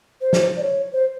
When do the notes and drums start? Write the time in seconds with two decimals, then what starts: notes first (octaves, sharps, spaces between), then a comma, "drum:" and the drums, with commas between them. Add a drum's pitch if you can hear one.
0.21 C5
0.33 drum: snare
0.57 D5
0.62 C#5
0.93 C5